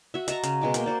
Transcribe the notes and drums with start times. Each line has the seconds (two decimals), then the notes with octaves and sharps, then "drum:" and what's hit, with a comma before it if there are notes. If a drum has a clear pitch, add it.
0.14 F#4 E5
0.28 D#5 A5 A#5 C#6, drum: hi-hat
0.43 C#3, drum: hi-hat
0.61 B2 G#3 D6
0.74 A#3 G5, drum: hi-hat
0.86 F#4 C5 D5